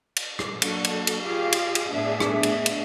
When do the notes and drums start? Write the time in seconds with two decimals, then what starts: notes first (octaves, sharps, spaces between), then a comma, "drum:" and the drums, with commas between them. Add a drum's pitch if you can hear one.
0.16 drum: cymbal
0.39 drum: rim click
0.62 F#3 A#3 D4 F#4 A4, drum: cymbal
0.84 drum: cymbal
1.07 drum: cymbal
1.24 F4 G4 G#4 F5
1.52 drum: cymbal
1.75 drum: cymbal
1.92 A2 A3 B3 D4 G#4 E5
2.20 drum: rim click
2.43 drum: cymbal
2.66 drum: cymbal